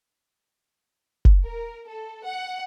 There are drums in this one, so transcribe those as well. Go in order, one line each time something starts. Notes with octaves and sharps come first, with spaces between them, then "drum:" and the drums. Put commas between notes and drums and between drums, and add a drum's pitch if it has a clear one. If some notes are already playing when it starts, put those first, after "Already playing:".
drum: kick F#1
A#4
A4
F#5